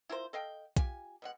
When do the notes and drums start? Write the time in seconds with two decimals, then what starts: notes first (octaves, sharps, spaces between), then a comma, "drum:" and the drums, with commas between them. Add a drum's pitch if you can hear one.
0.09 E4 F4 A#4 C5
0.33 A4 D#5 F5 G5
0.77 F4 G4 G#5, drum: kick B1, hi-hat
1.22 B2 G#3 F#5